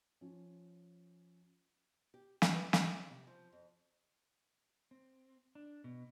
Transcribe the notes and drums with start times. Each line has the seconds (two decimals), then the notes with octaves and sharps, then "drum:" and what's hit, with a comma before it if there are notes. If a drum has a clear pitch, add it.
0.21 F3 C#4
2.14 G4
2.42 E4, drum: snare
2.54 B4
2.73 G#2, drum: snare
2.87 D#2
3.10 C3
3.27 F3
3.52 F2
4.91 C4
5.55 D4
5.84 B2